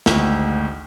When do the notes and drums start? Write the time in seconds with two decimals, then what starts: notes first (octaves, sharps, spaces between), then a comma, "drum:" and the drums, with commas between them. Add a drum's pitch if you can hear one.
0.06 G#1 D2, drum: snare